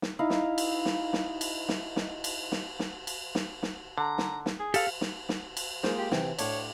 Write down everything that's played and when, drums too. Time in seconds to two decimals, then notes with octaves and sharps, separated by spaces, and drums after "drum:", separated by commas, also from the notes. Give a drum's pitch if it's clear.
0.02 drum: snare
0.19 D#4 E4 F5
0.30 drum: snare
0.58 drum: cymbal
0.85 drum: snare
1.13 drum: snare
1.41 drum: cymbal
1.69 drum: snare
1.96 drum: snare
2.24 drum: cymbal
2.52 drum: snare
2.79 drum: snare
3.07 drum: cymbal
3.35 drum: snare
3.63 drum: snare
3.98 D3 A#5
4.18 drum: snare
4.46 drum: snare
4.60 G#4
4.74 G4 A4 F5, drum: cymbal
5.01 drum: snare
5.29 drum: snare
5.57 drum: cymbal
5.83 G#3 A#3 F4 C5, drum: snare
5.99 G4
6.12 C3 E3 G5, drum: snare
6.39 A2 D4 C#5, drum: cymbal